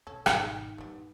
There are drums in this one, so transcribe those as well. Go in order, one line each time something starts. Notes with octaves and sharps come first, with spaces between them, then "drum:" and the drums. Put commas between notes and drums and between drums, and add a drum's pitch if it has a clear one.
B1 C4 C#4 A4
G#1 B2 D#3 G3 B3 F5, drum: rim click
G2 A#2 G3 B3